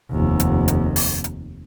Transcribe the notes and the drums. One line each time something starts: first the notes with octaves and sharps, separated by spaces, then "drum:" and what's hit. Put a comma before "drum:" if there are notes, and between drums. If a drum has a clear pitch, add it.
F1 D#2
drum: hi-hat
drum: hi-hat
drum: open hi-hat
drum: hi-hat